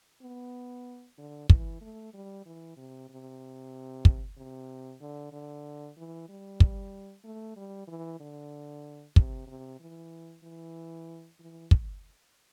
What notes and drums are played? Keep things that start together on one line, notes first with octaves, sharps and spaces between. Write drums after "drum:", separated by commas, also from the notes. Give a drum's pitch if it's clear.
B3
D3
E3, drum: kick
A3
G3
E3
C3
C3
drum: kick
C3
D3
D3
E3
G3
drum: kick
A3
G3
E3
D3
C3, drum: kick
C3
E3
E3
E3
drum: kick